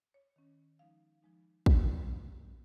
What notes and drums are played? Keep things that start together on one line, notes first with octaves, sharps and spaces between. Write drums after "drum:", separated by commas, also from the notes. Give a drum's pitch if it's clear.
C#5
D#3 C#4
F3 G#3 D#4 F5
F3 G#3 D#4
C#3 A#3 C#4 D#5, drum: kick
C#3 A#3 C#4